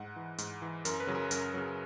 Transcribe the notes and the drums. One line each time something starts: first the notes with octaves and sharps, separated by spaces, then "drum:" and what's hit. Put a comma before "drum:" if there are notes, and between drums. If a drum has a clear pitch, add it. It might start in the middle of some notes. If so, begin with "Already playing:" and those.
Already playing: G#2 F#5
E3
G#2, drum: hi-hat
E3
F#2 A#4, drum: hi-hat
B4
C#3 F#3
A#4
F#2 A#4, drum: hi-hat
C#3 F#3